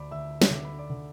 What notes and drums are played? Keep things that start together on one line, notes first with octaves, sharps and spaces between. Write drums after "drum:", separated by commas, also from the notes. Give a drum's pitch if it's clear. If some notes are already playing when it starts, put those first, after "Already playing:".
Already playing: D2 D5 B5 D6
D2 E5 E6
drum: snare
D3 D6
B5
D5 D6
D3